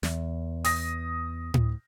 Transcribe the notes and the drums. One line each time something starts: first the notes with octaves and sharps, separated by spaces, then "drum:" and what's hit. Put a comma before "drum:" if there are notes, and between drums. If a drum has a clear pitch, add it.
E2, drum: snare
D#6 A#6, drum: open hi-hat
drum: tom A2